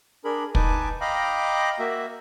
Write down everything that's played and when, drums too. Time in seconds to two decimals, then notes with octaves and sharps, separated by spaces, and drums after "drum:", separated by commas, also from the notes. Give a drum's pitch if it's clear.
0.25 D4 G#4 A#4 B5
0.55 D#4 B4 G#5 A5 D6, drum: kick
1.01 D#5 F5 G5 A#5 B5 D6
1.79 A#3 F#4 E5